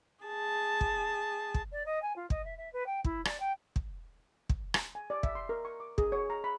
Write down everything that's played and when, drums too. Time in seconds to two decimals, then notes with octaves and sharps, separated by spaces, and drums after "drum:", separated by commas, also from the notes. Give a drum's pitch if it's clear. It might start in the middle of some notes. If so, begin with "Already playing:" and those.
0.24 G#4 A5
0.81 drum: kick
1.54 drum: kick
1.72 D5
1.86 D#5
2.02 G#5
2.16 F4
2.30 D#5, drum: kick
2.45 E5
2.57 E5
2.73 B4
2.86 G5
3.04 E4, drum: kick
3.25 D5, drum: rim click
3.40 G5
3.76 drum: kick
4.49 drum: kick
4.74 drum: rim click
4.95 G#5
5.10 D5
5.23 E5, drum: kick
5.35 C6
5.49 A#4
5.65 C#6
5.80 D6
5.98 G#4, drum: kick
6.12 C#5
6.30 A#5
6.44 B5